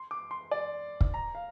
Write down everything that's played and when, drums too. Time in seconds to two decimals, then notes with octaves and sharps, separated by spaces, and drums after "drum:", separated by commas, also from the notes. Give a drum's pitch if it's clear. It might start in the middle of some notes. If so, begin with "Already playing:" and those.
Already playing: C6
0.11 D6
0.31 C6
0.51 D5
1.01 drum: kick
1.14 A#5
1.35 F5